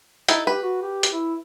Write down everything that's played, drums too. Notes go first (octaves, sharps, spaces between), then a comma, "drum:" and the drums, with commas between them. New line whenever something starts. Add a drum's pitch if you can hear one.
D#4 E4 A4, drum: hi-hat
G4 B4
F#4
G4
drum: hi-hat
E4